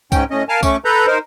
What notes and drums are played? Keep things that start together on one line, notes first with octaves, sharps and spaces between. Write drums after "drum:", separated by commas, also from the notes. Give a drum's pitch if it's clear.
G#2 C#4 G5, drum: kick C2, tambourine
A2 C#4 D#5
A#4 F5 G#5 A5 F6
A3 C#4 C#6 D6, drum: kick C2, tambourine
A4 B4 A#5 B5 G6
D#4 A#4 C5